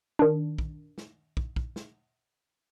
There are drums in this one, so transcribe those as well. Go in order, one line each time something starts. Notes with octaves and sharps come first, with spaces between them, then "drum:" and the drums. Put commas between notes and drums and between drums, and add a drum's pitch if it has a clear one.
D#3 D4
drum: kick
drum: snare
drum: kick
drum: kick
drum: snare